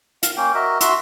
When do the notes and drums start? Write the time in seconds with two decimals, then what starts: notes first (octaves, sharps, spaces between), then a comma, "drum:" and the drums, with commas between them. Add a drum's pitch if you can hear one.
0.23 F5, drum: hi-hat
0.37 A#3 C#4 G5
0.55 F#4 A#4 D#5 E5
0.81 F#4 E5 C6 E6, drum: hi-hat